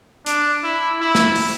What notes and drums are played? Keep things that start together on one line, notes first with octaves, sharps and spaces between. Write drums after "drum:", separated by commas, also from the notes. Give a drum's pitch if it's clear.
D4, drum: hi-hat
E4
E4
drum: snare
drum: open hi-hat